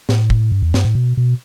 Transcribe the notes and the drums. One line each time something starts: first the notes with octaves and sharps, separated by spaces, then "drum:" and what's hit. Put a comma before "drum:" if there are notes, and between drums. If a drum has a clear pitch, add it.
A2, drum: snare
drum: kick
G2
E2
G2, drum: snare
A2
B2
B2